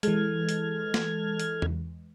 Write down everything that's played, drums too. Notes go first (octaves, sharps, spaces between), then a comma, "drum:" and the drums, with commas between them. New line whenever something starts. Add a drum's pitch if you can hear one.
E3 G#3 A4 F6 G#6, drum: hi-hat
drum: hi-hat
drum: snare
drum: hi-hat
drum: tom E2